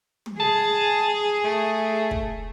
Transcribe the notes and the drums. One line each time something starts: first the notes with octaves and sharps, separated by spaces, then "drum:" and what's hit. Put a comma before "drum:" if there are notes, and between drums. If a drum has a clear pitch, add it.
drum: tom
G#4 A5
A3
drum: kick